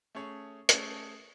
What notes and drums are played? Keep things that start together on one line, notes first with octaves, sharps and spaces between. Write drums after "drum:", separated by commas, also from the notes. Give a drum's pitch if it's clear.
A3 C#4 G#4 C#5
A3 C#4 G#4 C#5, drum: hi-hat